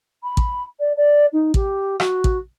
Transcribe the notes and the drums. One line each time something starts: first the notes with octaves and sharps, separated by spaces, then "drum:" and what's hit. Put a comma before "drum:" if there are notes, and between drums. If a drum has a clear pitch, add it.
B5
drum: kick
D5
D5
D#4
G4, drum: kick
F#4, drum: rim click
drum: kick